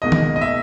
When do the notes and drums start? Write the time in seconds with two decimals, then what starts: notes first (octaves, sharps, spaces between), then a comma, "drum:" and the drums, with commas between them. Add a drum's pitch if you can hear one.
0.02 C#2 B2 A#3 D#4 D#5
0.12 drum: tom D#3
0.36 D#5
0.41 E5